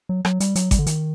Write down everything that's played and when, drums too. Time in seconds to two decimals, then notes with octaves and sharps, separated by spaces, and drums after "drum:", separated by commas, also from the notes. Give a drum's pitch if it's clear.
0.09 F#3
0.25 F#3, drum: rim click
0.40 G3, drum: hi-hat
0.55 F#3, drum: hi-hat
0.71 G3, drum: kick G#1, hi-hat
0.79 D3
0.86 D#3, drum: hi-hat